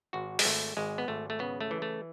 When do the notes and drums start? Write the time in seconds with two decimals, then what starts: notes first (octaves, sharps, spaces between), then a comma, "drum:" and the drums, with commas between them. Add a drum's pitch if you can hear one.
0.13 G#1 F#4
0.39 G#3, drum: open hi-hat
0.45 G#1 A3
0.77 G#1 G#3
0.98 B3
1.08 G#1 A3
1.30 A3
1.39 C#3 B3
1.61 A3
1.71 E3
1.82 A3